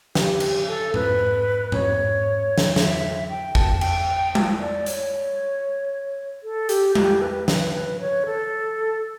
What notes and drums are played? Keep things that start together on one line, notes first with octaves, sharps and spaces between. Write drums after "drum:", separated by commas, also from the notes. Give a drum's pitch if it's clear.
G4, drum: snare
drum: cymbal
A4
B4, drum: tom G#2
C#5, drum: tom G#2
drum: snare
E5, drum: snare
G5
A5, drum: kick
G5, drum: cymbal
drum: tom G3
D5
C#5, drum: hi-hat
A4
G4, drum: hi-hat
G4, drum: tom G3
B4
B4, drum: snare
B4
C#5
A4